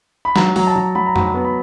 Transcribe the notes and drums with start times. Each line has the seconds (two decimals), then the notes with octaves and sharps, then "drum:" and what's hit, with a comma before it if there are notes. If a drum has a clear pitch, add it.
0.25 B5
0.36 F#3 A#5, drum: snare
0.56 F#3 A#5, drum: open hi-hat
0.67 A5
0.76 F#3 A#5
0.95 F#3 B5
1.06 A#5
1.16 F#3 B5, drum: tom F2
1.34 B3
1.45 B5